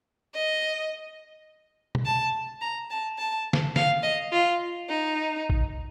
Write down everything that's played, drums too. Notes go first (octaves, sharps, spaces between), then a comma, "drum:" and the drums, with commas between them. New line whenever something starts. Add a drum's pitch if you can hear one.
D#5
drum: tom B2
A5
A#5
A5
A5
drum: snare
F5, drum: snare
D#5
F4
D#4
drum: kick A1